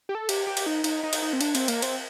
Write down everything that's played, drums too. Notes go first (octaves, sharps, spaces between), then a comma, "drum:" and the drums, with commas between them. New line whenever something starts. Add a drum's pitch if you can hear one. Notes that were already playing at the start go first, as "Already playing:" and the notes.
G4
A4
G4, drum: cymbal
G4
drum: cymbal
D#4
D#4, drum: cymbal
D#4
drum: cymbal
D#4
C4
D4, drum: cymbal
C4, drum: cymbal
A#3, drum: cymbal
C4, drum: cymbal